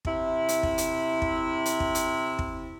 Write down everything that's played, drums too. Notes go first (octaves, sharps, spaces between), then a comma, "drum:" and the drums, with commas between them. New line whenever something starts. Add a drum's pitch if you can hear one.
C3 E4, drum: kick
drum: hi-hat
drum: kick
drum: hi-hat
drum: kick
drum: hi-hat
drum: kick
drum: hi-hat
drum: kick